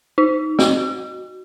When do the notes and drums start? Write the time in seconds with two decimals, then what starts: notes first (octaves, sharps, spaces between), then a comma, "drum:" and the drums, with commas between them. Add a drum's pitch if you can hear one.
0.18 D#4
0.59 F#4, drum: snare